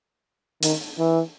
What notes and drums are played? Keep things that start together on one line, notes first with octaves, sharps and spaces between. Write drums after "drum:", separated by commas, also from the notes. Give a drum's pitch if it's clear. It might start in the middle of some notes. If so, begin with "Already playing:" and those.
D#3, drum: hi-hat
E3